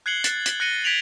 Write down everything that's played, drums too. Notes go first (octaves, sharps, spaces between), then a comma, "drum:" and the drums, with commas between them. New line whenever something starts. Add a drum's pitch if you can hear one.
F#6 G#6 C7 C#7 F#7 G7
F#6 A6, drum: hi-hat
drum: hi-hat
F#6 A#6 C#7 D#7 G7
G#6 B6 D7 F7 F#7